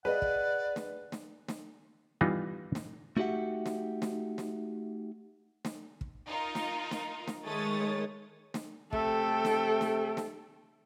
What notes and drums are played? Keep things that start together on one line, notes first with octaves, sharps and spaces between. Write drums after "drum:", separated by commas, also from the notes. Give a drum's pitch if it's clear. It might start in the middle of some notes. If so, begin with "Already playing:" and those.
G#4 B4 D5 D#5 F5 F#5
drum: kick
drum: snare
drum: snare
drum: snare
E3 G3 B3 D#4 F4
drum: snare
A3 D#4 F#4 G4 E5 F#5
drum: snare
drum: snare
drum: snare
drum: snare
drum: kick
D#4 F4 A#4
drum: snare
drum: snare
drum: snare
D#3 G#3 A3 C#5 D#6 A6
drum: snare
C3 A3 A4 G5, drum: kick
drum: snare
drum: snare
drum: snare